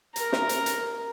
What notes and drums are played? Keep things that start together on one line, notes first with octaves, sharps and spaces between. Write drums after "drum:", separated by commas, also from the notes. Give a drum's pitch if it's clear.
A#4 A#5, drum: hi-hat
drum: snare
drum: hi-hat
drum: hi-hat